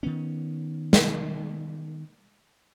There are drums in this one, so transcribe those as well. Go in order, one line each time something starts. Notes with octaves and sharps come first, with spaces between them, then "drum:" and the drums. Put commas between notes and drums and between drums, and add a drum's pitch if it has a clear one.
D#3 B3 C#4
drum: snare